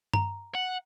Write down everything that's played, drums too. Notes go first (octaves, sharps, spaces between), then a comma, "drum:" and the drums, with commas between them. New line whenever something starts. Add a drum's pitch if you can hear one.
A#5, drum: tom G2
F#5